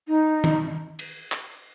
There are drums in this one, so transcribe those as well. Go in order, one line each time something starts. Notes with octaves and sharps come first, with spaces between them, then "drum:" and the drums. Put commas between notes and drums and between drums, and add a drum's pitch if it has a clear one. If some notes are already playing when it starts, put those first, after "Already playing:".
D#4
drum: tom
drum: cymbal
drum: clap